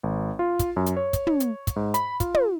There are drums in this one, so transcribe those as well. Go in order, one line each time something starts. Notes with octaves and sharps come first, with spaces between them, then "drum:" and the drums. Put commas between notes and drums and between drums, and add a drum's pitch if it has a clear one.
G#1
F4
drum: kick, hi-hat
F#2
drum: hi-hat
C#5
drum: kick, hi-hat
drum: tom
drum: hi-hat
drum: kick, hi-hat
G#2
B5, drum: hi-hat
F4, drum: kick, hi-hat
drum: tom